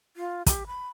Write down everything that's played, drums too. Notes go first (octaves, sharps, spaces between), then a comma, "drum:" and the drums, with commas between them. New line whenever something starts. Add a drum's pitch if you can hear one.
F4
G4, drum: kick, hi-hat
B5